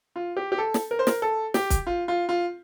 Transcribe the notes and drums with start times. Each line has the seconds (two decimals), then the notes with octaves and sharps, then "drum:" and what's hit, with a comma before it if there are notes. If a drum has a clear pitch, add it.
0.16 F4
0.37 G4
0.52 G4
0.58 A4
0.74 drum: snare
0.91 A#4
0.99 C5
1.07 A#4, drum: snare
1.22 A4
1.54 G4, drum: snare
1.70 drum: kick, hi-hat
1.87 F4
2.08 F4
2.29 F4